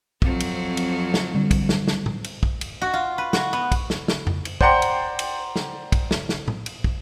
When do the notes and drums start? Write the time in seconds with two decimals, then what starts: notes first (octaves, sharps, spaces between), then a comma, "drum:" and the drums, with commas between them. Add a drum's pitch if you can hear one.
0.22 F2 F#3 C4, drum: kick
0.40 drum: cymbal
0.77 drum: cymbal
1.14 drum: snare
1.35 D3 G3
1.51 drum: kick, cymbal
1.69 drum: snare
1.88 drum: snare
2.06 drum: tom A2
2.24 drum: cymbal
2.43 drum: kick
2.61 drum: cymbal
2.82 F#4
2.93 F4
3.18 B4
3.33 F#4, drum: snare
3.53 B3
3.72 drum: kick, cymbal
3.90 drum: snare
4.08 drum: snare
4.27 drum: tom F2
4.45 drum: cymbal
4.61 C5 D5 F#5 G5 A#5 C6, drum: kick
4.82 drum: cymbal
5.19 drum: cymbal
5.56 drum: snare
5.92 drum: kick, cymbal
6.11 drum: snare
6.29 drum: snare
6.48 drum: tom A2
6.66 drum: cymbal
6.84 drum: kick